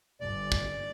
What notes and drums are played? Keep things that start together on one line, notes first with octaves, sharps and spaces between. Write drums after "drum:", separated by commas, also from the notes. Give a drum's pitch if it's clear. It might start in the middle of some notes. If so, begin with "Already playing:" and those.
G1 D5
drum: kick